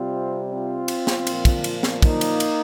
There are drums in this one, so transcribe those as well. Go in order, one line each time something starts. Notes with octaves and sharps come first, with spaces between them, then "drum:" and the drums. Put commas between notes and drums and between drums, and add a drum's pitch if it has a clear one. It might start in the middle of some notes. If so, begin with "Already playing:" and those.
Already playing: C3 G3 C4 F4
C4 F4
drum: cymbal
drum: snare
A#2 F3, drum: cymbal
drum: kick, cymbal
drum: cymbal
drum: snare
A#3 D#4, drum: kick, cymbal
drum: cymbal
drum: cymbal